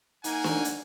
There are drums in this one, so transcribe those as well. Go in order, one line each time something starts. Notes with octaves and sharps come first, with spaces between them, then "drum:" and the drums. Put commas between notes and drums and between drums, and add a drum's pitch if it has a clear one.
A#3 D#4 F#5 G#5, drum: hi-hat
drum: snare
drum: hi-hat